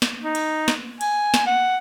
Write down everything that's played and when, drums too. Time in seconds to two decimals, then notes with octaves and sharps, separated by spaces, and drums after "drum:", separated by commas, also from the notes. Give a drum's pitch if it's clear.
0.02 drum: snare
0.23 D#4
0.35 drum: cymbal
0.68 drum: snare
1.01 G#5, drum: cymbal
1.34 drum: snare
1.46 F#5